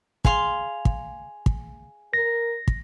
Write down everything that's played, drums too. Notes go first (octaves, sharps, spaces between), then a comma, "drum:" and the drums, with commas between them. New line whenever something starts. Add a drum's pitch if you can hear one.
G#4 F5 C6, drum: kick
drum: kick
drum: kick
A#4 A#6
drum: kick